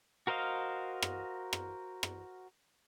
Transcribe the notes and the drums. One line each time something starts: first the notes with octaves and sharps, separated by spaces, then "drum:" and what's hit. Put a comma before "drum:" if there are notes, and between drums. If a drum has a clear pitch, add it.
F#4 A#4 C5 D#5 F5
drum: rim click
drum: rim click
drum: rim click